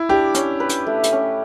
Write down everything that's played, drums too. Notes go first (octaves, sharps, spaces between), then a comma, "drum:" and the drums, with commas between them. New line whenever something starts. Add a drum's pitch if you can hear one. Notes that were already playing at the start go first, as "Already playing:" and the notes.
Already playing: E4
D4 G4
C#4, drum: hi-hat
B4
drum: hi-hat
A3
drum: hi-hat
C#4